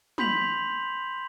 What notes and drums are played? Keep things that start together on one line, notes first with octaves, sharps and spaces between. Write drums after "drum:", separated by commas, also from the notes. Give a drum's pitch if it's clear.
B5 C6 G6 B6 F7 F#7, drum: tom